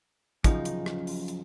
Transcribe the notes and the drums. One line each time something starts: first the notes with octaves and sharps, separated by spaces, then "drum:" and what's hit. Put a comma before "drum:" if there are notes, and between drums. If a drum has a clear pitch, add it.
F#2 C#3 F3 D#4, drum: kick, hi-hat
drum: hi-hat
drum: rim click
drum: open hi-hat
drum: hi-hat